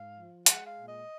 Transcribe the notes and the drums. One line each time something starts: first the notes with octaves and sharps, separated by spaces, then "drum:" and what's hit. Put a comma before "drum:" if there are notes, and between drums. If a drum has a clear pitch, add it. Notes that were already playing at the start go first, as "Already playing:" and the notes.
Already playing: G#2 F5
F3
G#3 F#5, drum: hi-hat
F5
A#2
D#5